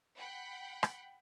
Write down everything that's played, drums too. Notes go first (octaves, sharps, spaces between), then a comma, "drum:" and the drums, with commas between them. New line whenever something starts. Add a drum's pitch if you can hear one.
F#5 G5 B5
drum: rim click